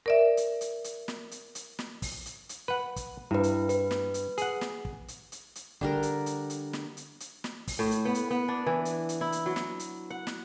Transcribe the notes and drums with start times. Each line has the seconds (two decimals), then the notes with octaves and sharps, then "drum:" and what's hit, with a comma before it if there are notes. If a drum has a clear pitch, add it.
0.06 A#4 D5 E5
0.37 drum: hi-hat
0.61 drum: hi-hat
0.84 drum: hi-hat
1.08 drum: snare
1.31 drum: hi-hat
1.55 drum: hi-hat
1.79 drum: snare
2.02 drum: kick, open hi-hat
2.26 drum: hi-hat
2.49 drum: hi-hat
2.68 B4 F#5
2.96 drum: kick, hi-hat
3.31 G2 E4 B4
3.43 drum: hi-hat
3.69 B4, drum: hi-hat
3.91 drum: snare
4.14 drum: hi-hat
4.38 G#4 F#5, drum: hi-hat
4.61 drum: snare
4.85 drum: kick
5.08 drum: hi-hat
5.32 drum: hi-hat
5.55 drum: hi-hat
5.81 D3 G3 A#4, drum: kick
6.03 drum: hi-hat
6.26 drum: hi-hat
6.50 drum: hi-hat
6.73 drum: snare
6.97 drum: hi-hat
7.20 drum: hi-hat
7.44 drum: snare
7.67 drum: kick, open hi-hat
7.79 A2
7.91 drum: hi-hat
8.05 B3
8.15 drum: hi-hat
8.31 B3
8.48 D4
8.66 E3
8.85 drum: hi-hat
9.09 drum: hi-hat
9.21 E4
9.32 drum: hi-hat
9.46 F#3
9.56 drum: snare
9.80 drum: hi-hat
10.10 F#5
10.27 drum: snare